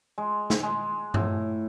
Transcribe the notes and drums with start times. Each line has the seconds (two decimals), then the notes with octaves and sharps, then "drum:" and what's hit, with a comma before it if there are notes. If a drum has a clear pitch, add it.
0.18 G#3
0.50 drum: snare
0.63 G#3
1.14 A2, drum: tom G2